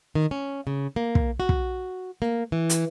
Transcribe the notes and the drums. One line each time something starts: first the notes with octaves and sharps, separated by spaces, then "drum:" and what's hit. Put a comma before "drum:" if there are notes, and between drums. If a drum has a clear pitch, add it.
D#3
C#4
C#3
A#3
drum: kick
F#4
drum: kick
A#3
E3
drum: hi-hat